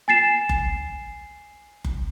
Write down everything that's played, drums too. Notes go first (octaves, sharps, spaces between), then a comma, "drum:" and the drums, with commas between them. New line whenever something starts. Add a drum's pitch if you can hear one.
G#5 A6 C7 E7
drum: kick F#1
drum: kick F#1